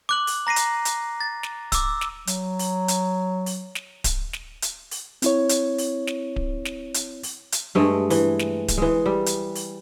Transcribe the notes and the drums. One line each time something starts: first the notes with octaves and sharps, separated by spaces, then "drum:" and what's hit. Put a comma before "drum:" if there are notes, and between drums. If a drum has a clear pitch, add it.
D6 F#6 F#7
drum: open hi-hat
A#5 A#6 C7 D#7
drum: hi-hat
drum: hi-hat
A6
drum: snare
D6 E6, drum: kick D1, hi-hat
drum: snare
F#3, drum: hi-hat
drum: open hi-hat
drum: hi-hat
drum: open hi-hat
drum: snare
drum: kick D1, hi-hat
drum: snare
drum: hi-hat
drum: open hi-hat
C4 E4 C#5, drum: hi-hat
drum: hi-hat
drum: open hi-hat
drum: snare
drum: kick D1
drum: snare
drum: hi-hat
drum: open hi-hat
drum: hi-hat
G2 G#3 A3
E3, drum: open hi-hat
drum: snare
drum: kick D1, hi-hat
E3 G#3
G3
drum: hi-hat
drum: open hi-hat